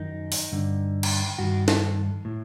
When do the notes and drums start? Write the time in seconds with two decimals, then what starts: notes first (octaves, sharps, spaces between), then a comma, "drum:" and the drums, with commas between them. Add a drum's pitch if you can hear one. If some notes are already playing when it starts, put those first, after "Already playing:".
Already playing: F#2 D#3 D#4
0.32 drum: open hi-hat
0.52 G2 D3
1.03 drum: cymbal
1.38 G2 D#3 F#4
1.68 A4, drum: snare
2.25 A2